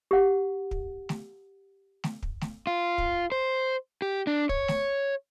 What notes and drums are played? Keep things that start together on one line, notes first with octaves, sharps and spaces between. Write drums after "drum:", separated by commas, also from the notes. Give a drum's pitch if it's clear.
G4 F#5
drum: kick
drum: snare A3
drum: snare A3
drum: kick
drum: snare A3
F4
drum: kick
C5
G4
D4
C#5, drum: kick
drum: snare A3